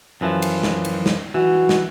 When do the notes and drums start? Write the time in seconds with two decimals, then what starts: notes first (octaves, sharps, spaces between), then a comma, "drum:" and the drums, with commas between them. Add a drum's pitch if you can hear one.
0.21 F#2 E3 F3
0.42 drum: cymbal
0.63 drum: snare
0.85 drum: cymbal
1.06 drum: snare
1.34 E3 F#4
1.69 drum: snare